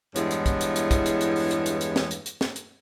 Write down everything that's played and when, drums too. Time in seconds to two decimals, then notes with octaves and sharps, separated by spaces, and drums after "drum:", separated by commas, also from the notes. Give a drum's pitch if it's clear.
0.16 E2 G2 G#3 B3 E4 C#5, drum: hi-hat
0.31 drum: hi-hat
0.46 drum: kick, hi-hat
0.61 drum: hi-hat
0.76 drum: hi-hat
0.91 drum: kick, hi-hat
1.06 drum: hi-hat
1.21 drum: hi-hat
1.36 drum: open hi-hat
1.51 drum: hi-hat
1.66 drum: hi-hat
1.81 drum: hi-hat
1.96 drum: snare
2.11 drum: hi-hat
2.26 drum: hi-hat
2.41 drum: snare
2.56 drum: hi-hat